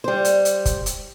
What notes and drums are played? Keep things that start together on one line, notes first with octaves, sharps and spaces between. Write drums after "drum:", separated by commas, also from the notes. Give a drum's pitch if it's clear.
G3 C5
drum: hi-hat
drum: hi-hat
drum: kick, hi-hat
drum: hi-hat